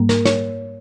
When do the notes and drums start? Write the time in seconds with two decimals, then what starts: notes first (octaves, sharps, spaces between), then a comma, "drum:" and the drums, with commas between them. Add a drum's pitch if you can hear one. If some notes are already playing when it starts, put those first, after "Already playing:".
Already playing: G#2 G3 A#3
0.09 A#4, drum: snare
0.25 C#5, drum: snare